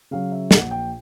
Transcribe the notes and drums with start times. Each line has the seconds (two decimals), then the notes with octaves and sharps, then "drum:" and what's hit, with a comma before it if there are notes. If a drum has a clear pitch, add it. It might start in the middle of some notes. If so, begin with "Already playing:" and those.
0.11 C#3 F#3 F5
0.32 E5
0.51 A#1 F#5, drum: snare
0.71 G5